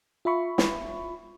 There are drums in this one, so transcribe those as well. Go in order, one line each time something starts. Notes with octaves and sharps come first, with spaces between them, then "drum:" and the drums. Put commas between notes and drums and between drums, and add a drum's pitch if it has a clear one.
F4 E5 B5 C#6
drum: snare